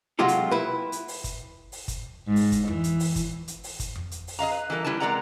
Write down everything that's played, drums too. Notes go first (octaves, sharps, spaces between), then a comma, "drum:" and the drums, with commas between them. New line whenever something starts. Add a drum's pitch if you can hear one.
C3 F#3 G#3 F4 G4 A4
drum: hi-hat
E4 B4
drum: hi-hat
drum: open hi-hat
drum: kick, hi-hat
drum: open hi-hat
drum: kick, hi-hat
G#2
drum: open hi-hat
drum: kick, hi-hat
E3, drum: tom F2
drum: hi-hat
drum: open hi-hat
drum: kick, hi-hat
drum: hi-hat
drum: open hi-hat
drum: kick, hi-hat
drum: tom F2
drum: hi-hat
drum: open hi-hat
G#4 D#5 F5 A#5
B4
E3 G3 A4 A#4
G3 E4 B4 G#5 A5
C3 G#3 A#4 D5 F#5 A#5